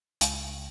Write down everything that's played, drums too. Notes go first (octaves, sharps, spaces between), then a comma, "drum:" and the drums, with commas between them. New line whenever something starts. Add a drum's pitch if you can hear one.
C#2, drum: hi-hat